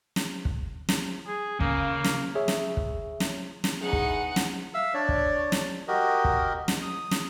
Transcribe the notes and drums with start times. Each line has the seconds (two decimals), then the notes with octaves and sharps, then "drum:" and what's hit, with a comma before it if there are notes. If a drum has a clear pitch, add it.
0.16 drum: snare
0.45 drum: kick
0.89 drum: snare
1.27 G#4
1.60 C#3 A#3, drum: kick
2.04 drum: snare
2.35 G#4 C#5 E5
2.48 drum: snare
2.77 drum: kick
3.20 drum: snare
3.64 drum: snare
3.81 E2 E3 D#4 G#4 F#5
3.93 drum: kick
4.36 drum: snare
4.74 E5 F5 E6
4.94 D4 C#5 D5
5.09 drum: kick
5.52 drum: snare
5.88 F#4 G4 A#4 D#5
6.24 drum: kick
6.68 drum: snare
6.82 D#6
7.11 drum: snare